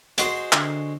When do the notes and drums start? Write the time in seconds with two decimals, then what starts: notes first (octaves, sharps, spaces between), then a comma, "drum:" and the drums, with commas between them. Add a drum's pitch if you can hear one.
0.18 G#3 F#4 C5, drum: hi-hat
0.52 D3, drum: clap